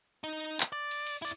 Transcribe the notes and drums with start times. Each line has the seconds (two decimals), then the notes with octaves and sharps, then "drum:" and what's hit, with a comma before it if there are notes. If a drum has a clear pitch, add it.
0.24 D#4
0.61 drum: clap
0.73 D5
0.91 drum: cymbal
1.07 drum: cymbal
1.22 E4 D5